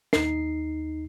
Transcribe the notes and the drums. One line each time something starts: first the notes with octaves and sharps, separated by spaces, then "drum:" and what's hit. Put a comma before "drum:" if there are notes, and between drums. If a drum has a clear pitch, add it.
D#2 D#4 C7, drum: snare